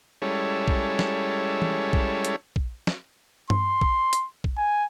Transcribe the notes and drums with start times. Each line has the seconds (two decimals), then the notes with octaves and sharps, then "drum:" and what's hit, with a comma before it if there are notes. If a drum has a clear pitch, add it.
0.22 G3 G#3 C#4 E4 A4 C#5
0.68 drum: kick A#1
0.99 drum: snare
1.62 drum: tom E3
1.93 drum: kick A#1
2.25 drum: hi-hat
2.56 drum: kick A#1
2.87 drum: snare
3.50 C6, drum: tom G2
3.81 drum: kick A#1
4.13 drum: hi-hat
4.44 drum: kick A#1
4.57 G#5